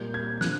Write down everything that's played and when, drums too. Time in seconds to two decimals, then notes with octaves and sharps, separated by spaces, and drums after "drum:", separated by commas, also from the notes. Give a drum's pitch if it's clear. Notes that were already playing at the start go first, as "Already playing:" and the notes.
Already playing: A#2 G3 A#3 G6
0.14 G#6
0.41 D3 F3 F#6, drum: snare